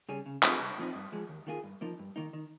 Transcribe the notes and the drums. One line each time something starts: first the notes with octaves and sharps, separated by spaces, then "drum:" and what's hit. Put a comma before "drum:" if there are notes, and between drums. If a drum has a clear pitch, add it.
C#3 G3 C#4 G#4
C#3
F3 C4 F4 G#4, drum: clap
C2
A#2 F3 C4 D#4
G2
F3 G#3
D#2
D#3 A#3 F4 G#4
G2
F3 A#3 D#4
G2
D#3 A#3 D#4
D#3